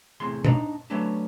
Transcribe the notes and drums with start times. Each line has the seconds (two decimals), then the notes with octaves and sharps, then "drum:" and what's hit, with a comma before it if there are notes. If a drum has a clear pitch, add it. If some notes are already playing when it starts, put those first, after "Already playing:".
0.20 E2 A2 C3 C6
0.45 D4 D#4, drum: tom
0.90 F#3 A3 B3 C#4 D4